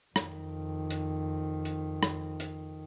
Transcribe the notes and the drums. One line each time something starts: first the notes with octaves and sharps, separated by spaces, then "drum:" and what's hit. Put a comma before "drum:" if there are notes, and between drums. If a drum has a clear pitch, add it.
F2 D#3, drum: rim click
drum: hi-hat
drum: hi-hat
drum: rim click
drum: hi-hat